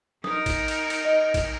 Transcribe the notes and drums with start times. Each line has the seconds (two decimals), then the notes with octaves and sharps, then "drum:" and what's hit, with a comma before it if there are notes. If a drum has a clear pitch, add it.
0.24 D#4 A#4 D#6, drum: snare
0.46 drum: kick A1, cymbal
0.68 drum: cymbal
0.90 drum: cymbal
1.05 D#5
1.34 drum: kick A1, cymbal